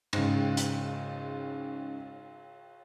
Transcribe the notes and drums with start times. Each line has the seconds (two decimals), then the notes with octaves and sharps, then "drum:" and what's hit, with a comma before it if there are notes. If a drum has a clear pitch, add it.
0.13 G#2 C#3, drum: cymbal
0.57 drum: hi-hat